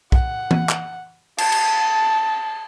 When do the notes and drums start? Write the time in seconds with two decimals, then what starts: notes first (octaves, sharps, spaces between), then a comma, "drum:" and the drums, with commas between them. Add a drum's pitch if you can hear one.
0.12 F#5, drum: kick
0.51 drum: tom E3
0.69 drum: clap
1.38 A5, drum: cymbal
1.52 drum: cymbal